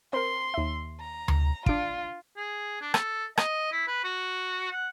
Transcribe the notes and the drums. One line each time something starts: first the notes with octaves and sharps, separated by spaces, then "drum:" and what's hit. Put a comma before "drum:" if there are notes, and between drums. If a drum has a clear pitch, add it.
C4 A#4 C6
D#2 E5
A#5
drum: tom D2
D4 F4 D7, drum: kick
G#4
D4
A4, drum: rim click
D#5, drum: rim click
E4
B4
F#4
F#5